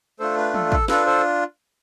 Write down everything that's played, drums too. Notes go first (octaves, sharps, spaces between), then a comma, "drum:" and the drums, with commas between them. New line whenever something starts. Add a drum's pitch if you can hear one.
A3 D4 F4 A4 C5
B4
A4, drum: tom
A4, drum: kick
D4 F4 A4 B4, drum: snare
A4 C5